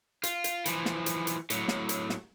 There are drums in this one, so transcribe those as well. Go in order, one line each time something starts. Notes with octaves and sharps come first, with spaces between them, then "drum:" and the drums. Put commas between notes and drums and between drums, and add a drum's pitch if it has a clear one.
F4, drum: hi-hat
drum: hi-hat
E3 F3, drum: hi-hat
drum: snare
drum: hi-hat
drum: hi-hat
A2 F#3, drum: hi-hat
drum: snare
drum: hi-hat
drum: snare